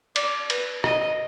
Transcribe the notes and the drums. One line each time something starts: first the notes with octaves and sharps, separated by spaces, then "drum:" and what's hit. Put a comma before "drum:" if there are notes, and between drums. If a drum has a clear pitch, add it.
D5, drum: cymbal
B4, drum: cymbal
D#5, drum: rim click